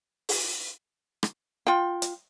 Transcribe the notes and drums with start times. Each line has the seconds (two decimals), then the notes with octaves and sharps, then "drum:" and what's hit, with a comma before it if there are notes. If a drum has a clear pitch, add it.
0.29 drum: open hi-hat
1.23 drum: rim click
1.67 F4 G5
2.02 drum: hi-hat